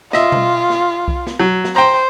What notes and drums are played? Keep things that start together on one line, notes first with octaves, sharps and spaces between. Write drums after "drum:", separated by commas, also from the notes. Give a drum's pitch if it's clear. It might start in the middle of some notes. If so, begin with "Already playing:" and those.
F4 D#5 E5, drum: snare
drum: tom B2
drum: snare
drum: kick C2
drum: snare
F#3
drum: snare
C5 G5 A#5